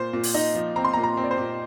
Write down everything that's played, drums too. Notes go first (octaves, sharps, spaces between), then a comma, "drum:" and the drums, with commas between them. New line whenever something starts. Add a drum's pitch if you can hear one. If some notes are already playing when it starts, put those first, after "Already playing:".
Already playing: A#2 C5
A#2
drum: open hi-hat
D#4
F3
C4 A#5
C6
A#5
A#2
A#5
C4
D5
C5
A#2